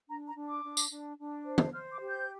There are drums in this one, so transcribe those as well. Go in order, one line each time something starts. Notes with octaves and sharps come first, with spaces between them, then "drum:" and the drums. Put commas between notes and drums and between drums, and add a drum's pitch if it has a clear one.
D4 A#5
A#5
D4
D6
D4
drum: tambourine
D4
D4
C5
drum: tom D#3
C5 F6
D6
G4
G6